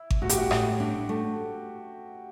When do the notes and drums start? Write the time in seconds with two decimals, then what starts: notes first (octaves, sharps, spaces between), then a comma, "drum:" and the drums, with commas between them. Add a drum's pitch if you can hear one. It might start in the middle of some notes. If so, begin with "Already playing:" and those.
Already playing: E4
0.10 drum: kick G#1
0.22 A2 F#4
0.29 G4, drum: hi-hat
0.38 F#4
0.51 A2, drum: rim click
0.80 D4
1.09 A3